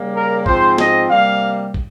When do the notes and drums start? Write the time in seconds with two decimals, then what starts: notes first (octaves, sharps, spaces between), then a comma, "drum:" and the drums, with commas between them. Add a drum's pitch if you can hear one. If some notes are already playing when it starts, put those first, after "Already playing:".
Already playing: C#3 G3 A#3
0.15 A#4
0.46 G#2 F3 C4 C5, drum: kick
0.78 D#5, drum: snare
1.10 C3 G3 A#3 F5
1.74 drum: kick